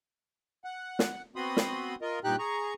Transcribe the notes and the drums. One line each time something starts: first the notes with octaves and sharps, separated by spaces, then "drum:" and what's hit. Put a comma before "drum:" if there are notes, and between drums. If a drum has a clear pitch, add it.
F#5
drum: snare
B3 C4 F#4 B5 C6 D#6
drum: snare
F4 A#4 D#5
G2 A#2 D#4 G4 G5 F#6
G#4 A#5 C#6